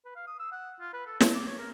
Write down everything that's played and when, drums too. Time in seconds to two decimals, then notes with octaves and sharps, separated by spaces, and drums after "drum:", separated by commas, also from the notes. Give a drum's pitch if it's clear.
0.05 B4
0.16 F5
0.27 D#6
0.40 E6
0.52 F#5
0.81 F4
0.93 B4
1.06 A4
1.20 C#5, drum: snare
1.35 D6
1.48 C#5
1.59 A#4